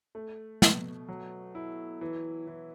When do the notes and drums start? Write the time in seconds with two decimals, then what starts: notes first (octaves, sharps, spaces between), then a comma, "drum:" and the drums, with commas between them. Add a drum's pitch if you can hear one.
0.15 A3
0.62 B2, drum: snare
1.08 F#3
1.55 E4
2.01 E3
2.47 E3